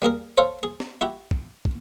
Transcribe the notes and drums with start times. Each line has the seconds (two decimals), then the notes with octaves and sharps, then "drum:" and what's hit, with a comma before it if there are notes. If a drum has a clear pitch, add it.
0.02 G3 A#3 G#4 A#4
0.37 A4 C5 C#5 F5
0.63 G#4
0.80 drum: snare
1.01 E4 F#4 G4
1.31 drum: kick
1.65 drum: kick